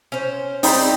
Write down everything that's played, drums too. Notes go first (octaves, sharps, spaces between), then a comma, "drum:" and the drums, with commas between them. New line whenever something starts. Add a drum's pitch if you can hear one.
C#4 C5
C4 D#4 D5 B5, drum: open hi-hat